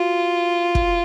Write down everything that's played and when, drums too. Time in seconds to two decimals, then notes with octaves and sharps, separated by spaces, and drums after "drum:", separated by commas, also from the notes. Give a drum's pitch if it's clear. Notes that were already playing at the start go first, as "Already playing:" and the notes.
Already playing: F4 F#4
0.75 drum: kick